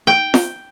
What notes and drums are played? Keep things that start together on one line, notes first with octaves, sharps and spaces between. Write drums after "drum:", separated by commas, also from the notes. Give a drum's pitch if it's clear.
G5
drum: snare